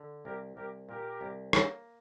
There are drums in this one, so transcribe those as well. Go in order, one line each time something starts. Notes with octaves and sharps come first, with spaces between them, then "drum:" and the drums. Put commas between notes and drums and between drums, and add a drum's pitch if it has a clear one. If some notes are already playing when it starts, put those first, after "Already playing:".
Already playing: D3
C2 G4 A#4
C2 G4 A#4
A#2 G4 A#4
C2
A#3, drum: rim click